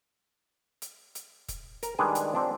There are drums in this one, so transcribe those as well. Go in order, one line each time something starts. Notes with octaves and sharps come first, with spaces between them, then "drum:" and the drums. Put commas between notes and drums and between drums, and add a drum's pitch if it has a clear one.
drum: hi-hat
drum: hi-hat
drum: kick, hi-hat
A#4, drum: hi-hat
D#3 G3 G#3 D4 G#4 B4
drum: hi-hat
C4 D4 F4